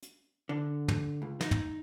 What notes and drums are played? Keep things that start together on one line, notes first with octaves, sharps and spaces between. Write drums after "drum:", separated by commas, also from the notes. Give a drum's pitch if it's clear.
drum: hi-hat
D3
drum: tom
C#2
D#4, drum: snare
drum: tom